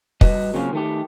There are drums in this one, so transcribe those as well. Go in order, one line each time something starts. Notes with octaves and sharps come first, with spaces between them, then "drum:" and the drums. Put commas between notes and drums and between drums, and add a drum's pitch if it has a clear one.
G3 F#4 B4 D#5, drum: kick
C#3 F#3 A#3 C4 C#4 F4
D#3 A3 G4